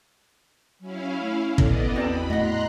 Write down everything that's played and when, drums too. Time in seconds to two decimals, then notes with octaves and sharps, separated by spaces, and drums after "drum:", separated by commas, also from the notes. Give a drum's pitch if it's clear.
0.81 F#3 C#4 E4 F5
1.20 A3
1.58 B3 A4 D5 D#5, drum: kick
1.96 E2 C4 F#4 D5 A5 B5
2.30 A2 D#5 F#5 A#5 C6 F#6